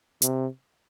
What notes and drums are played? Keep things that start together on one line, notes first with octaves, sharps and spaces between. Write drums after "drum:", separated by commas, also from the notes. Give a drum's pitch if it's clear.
C3, drum: hi-hat